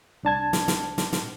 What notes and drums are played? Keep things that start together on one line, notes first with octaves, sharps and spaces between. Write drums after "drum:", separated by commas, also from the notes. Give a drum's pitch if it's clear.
C2 D4 A5 G#6
drum: snare
drum: snare
drum: snare
drum: snare